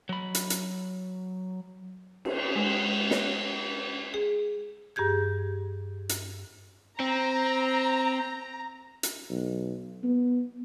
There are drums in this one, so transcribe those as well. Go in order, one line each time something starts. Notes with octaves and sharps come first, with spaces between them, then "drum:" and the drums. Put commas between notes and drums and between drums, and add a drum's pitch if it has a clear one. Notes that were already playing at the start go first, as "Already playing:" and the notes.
F#3 B5
drum: hi-hat
drum: hi-hat
drum: cymbal
G#3
C#5, drum: snare
G#4
G2 G4 G#4 G6 G#6
drum: hi-hat
C4 A#5
drum: hi-hat
B1
B3